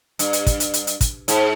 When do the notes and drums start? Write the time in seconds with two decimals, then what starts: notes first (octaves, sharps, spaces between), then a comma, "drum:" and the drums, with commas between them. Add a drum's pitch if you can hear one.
0.19 G2, drum: hi-hat
0.33 drum: hi-hat
0.46 drum: kick, hi-hat
0.60 drum: hi-hat
0.74 drum: hi-hat
0.87 drum: hi-hat
1.01 drum: kick, hi-hat
1.28 G#2, drum: hi-hat